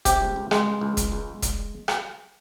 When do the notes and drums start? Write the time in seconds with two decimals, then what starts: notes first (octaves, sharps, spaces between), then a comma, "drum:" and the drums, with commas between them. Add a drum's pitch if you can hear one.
0.05 C3 G4, drum: kick, hi-hat
0.20 C#2
0.36 C#2
0.51 C#2 G#3, drum: rim click
0.66 C#2
0.81 C#2
0.97 C#2, drum: kick, hi-hat
1.12 C#2
1.42 drum: kick, hi-hat
1.88 drum: rim click